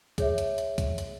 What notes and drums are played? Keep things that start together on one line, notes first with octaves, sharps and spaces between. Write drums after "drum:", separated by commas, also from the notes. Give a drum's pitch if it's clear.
G#4 C#5 E5, drum: kick, hi-hat
drum: hi-hat
drum: hi-hat
drum: kick, hi-hat
drum: hi-hat